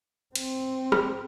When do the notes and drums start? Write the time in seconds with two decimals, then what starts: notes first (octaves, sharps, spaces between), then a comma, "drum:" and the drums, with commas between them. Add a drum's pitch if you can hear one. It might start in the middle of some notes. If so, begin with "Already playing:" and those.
0.35 C4, drum: cymbal
0.92 drum: rim click